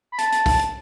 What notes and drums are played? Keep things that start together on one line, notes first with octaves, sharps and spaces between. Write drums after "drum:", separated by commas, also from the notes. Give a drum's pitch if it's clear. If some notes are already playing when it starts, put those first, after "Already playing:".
B5
A5, drum: hi-hat
drum: hi-hat
drum: kick, open hi-hat
drum: hi-hat